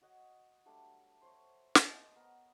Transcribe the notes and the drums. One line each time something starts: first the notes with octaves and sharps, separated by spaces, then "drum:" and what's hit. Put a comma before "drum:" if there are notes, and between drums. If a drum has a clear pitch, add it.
F#4 C#5 D#5 F#5
F#3 G3 A3 D4
C5 C#5 E5 C#6
D#5, drum: snare
B3 A#4